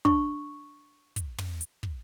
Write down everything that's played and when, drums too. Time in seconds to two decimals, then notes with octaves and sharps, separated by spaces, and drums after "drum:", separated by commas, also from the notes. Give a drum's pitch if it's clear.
0.05 D4 C#6, drum: kick
1.16 drum: kick, hi-hat
1.38 drum: tom
1.61 drum: hi-hat
1.83 drum: kick